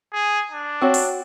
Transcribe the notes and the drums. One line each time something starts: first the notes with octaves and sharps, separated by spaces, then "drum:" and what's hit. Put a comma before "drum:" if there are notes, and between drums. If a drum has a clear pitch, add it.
G#4
D4
C4 F#4 C#5
drum: open hi-hat